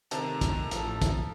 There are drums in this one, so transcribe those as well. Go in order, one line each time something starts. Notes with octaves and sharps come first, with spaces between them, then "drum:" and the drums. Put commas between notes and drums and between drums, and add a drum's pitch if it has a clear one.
C3 D#3 A3 A5 A#5, drum: hi-hat
drum: kick, hi-hat
A1 F3 A4, drum: hi-hat
drum: kick, hi-hat